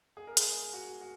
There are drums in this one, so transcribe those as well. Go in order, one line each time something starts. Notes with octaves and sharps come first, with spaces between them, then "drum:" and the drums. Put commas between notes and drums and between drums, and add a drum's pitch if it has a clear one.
G#4
A#4
G#4, drum: hi-hat
F#4
F#4